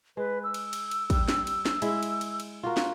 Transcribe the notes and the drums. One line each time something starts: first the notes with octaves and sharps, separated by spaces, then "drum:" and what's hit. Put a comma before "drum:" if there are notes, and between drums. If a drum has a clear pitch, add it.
G#3 B4
E6
drum: cymbal
drum: cymbal
drum: cymbal
G3, drum: kick, cymbal
drum: snare
drum: cymbal
drum: snare
G#3 E4 E5, drum: cymbal
drum: cymbal
drum: cymbal
drum: cymbal
F4 F#4 A#4
drum: snare